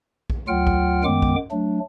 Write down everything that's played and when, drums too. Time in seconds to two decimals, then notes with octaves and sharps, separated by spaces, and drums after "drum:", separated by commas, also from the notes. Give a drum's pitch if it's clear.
0.30 drum: kick
0.48 D2 F#3 F4 F#5 G5 F6
0.67 drum: kick
1.04 F#2 D#3 G#3 B3 G5 D6
1.22 drum: kick
1.51 F#3 A3 D4